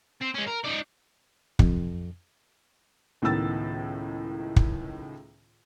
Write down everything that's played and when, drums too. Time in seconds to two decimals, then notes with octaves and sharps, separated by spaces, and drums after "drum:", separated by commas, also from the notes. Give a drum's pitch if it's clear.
0.21 C4
0.34 G#3 C#4
0.47 A#4
0.64 D#4 D5
1.59 F2, drum: kick
3.22 C#2 A2 D#3 B3 E6 A6
4.56 drum: kick